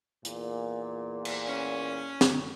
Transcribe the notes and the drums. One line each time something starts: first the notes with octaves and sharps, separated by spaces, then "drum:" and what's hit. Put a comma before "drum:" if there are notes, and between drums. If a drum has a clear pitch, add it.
E2 A#2, drum: hi-hat
drum: cymbal
C#4
drum: snare